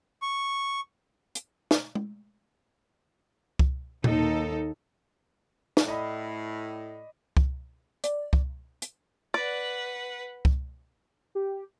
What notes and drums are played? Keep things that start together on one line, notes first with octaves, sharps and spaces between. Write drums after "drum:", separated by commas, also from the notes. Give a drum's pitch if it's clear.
C#6
drum: hi-hat
drum: snare
drum: tom G#3
drum: kick C2
D#2 D#4 A4, drum: tom A#2
drum: snare
A2 D5 D#5 B5
drum: kick C2
D5, drum: hi-hat
drum: kick C2
drum: hi-hat
B4 D5 F#5
drum: kick C2
G4